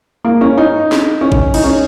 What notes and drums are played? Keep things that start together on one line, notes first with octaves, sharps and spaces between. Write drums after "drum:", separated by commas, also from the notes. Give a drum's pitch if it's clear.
A#3
C#4
D#4
drum: snare
C#4
drum: kick G#1
D#4, drum: cymbal
C#4